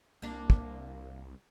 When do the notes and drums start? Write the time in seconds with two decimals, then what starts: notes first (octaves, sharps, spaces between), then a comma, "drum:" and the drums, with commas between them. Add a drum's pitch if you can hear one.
0.22 C2 A#3 D4
0.50 drum: kick